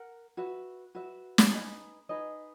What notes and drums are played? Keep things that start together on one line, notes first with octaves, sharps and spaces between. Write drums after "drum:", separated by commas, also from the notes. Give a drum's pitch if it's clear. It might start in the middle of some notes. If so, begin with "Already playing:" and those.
Already playing: A#4 F#5
F#4 B4 E5
F#4 B4 E5
drum: snare
D#4 G#4 B4 D#5
D#4 G#4 B4 D#5